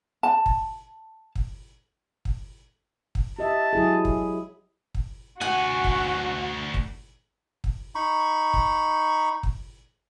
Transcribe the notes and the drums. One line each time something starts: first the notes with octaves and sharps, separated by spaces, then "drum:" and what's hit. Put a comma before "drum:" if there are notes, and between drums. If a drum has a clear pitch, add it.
A5
drum: kick
drum: kick
drum: kick
drum: kick
G4 D#5 E5 A5
F#3 E4 G#4
drum: kick
drum: kick
D2 F#4 F#5 G#5
drum: kick
drum: kick
drum: kick
D#4 B5 C#6
drum: kick
drum: kick